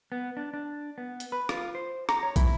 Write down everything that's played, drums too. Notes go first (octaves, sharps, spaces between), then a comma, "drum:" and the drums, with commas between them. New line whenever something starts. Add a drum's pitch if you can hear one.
B3
D4
D4
B3
drum: hi-hat
B4
F4, drum: rim click
C5
A#5, drum: rim click
C#5
E4, drum: kick, hi-hat